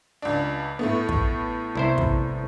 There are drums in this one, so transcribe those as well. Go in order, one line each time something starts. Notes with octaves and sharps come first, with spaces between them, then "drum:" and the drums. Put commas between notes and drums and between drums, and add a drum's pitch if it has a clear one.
C#2 D4
A2 A3 B3
drum: kick
C2 E4 C5
drum: kick